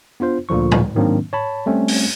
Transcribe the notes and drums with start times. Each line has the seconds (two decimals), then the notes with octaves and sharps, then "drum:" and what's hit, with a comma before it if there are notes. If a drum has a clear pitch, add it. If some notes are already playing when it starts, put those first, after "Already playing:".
0.20 B3 D4 F4 C5
0.49 D2 A#2 D3 F3 C#6
0.71 drum: tom A2
0.95 G#2 D#3 F#3 A#3 C4 D4
1.33 C#5 A5 B5
1.66 G3 A3 C4 C#4
1.88 drum: open hi-hat